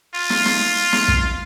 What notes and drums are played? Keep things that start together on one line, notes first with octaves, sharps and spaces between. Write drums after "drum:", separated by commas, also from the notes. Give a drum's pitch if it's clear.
F4
drum: snare
drum: snare
drum: snare
drum: kick